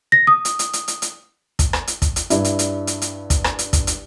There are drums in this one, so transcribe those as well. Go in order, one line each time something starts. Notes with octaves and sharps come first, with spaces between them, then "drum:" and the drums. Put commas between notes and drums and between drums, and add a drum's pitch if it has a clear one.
A#6
D#6
drum: hi-hat
drum: hi-hat
drum: hi-hat
drum: hi-hat
drum: hi-hat
drum: kick, hi-hat
drum: rim click
drum: hi-hat
drum: kick, hi-hat
drum: hi-hat
G2 G3 E4, drum: hi-hat
drum: hi-hat
drum: hi-hat
drum: hi-hat
drum: hi-hat
drum: kick, hi-hat
drum: rim click
drum: hi-hat
drum: kick, hi-hat
drum: hi-hat